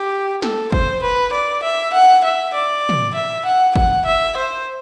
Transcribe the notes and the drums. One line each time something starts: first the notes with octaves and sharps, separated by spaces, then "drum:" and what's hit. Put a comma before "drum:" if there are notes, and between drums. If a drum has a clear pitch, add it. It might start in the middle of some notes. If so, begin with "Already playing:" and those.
Already playing: G4
A4, drum: snare
C5, drum: kick
B4
D5
E5
F#5
E5
D5
drum: tom
E5
F#5
F#5, drum: kick
E5
C5